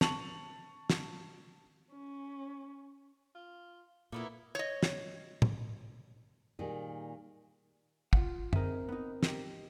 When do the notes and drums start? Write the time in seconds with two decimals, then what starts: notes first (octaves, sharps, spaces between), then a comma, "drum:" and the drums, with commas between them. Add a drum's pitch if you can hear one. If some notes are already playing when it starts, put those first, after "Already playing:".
0.01 A5 C#6 F7 F#7, drum: snare
0.90 drum: snare
1.93 C#4
3.35 F4
4.12 A#2 A#3 B3 E4 A4
4.55 C#5 D#5
4.83 drum: snare
5.42 drum: tom
6.59 A#2 D#3 G3 G#4
8.13 F4 F#5, drum: kick
8.53 C4 D#4 G#4 A#4 E5, drum: tom F#2
8.89 B3 D#4
9.23 D#4 G4, drum: snare